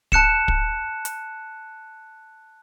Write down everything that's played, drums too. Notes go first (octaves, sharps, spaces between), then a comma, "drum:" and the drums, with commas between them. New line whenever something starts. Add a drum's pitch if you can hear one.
A5 F#6 C#7 E7, drum: kick
drum: kick
drum: hi-hat